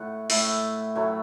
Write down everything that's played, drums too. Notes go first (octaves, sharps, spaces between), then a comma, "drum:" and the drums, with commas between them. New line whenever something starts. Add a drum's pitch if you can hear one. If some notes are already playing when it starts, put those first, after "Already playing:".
Already playing: A2 A3 F#5
A2 A3 E5, drum: open hi-hat
A2 F#3 A3 C#5